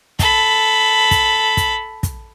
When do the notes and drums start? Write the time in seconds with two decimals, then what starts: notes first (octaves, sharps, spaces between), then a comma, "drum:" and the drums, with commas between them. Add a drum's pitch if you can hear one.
0.19 A4 B5, drum: kick, hi-hat
1.11 drum: kick, hi-hat
1.57 drum: kick, hi-hat
2.03 drum: kick, hi-hat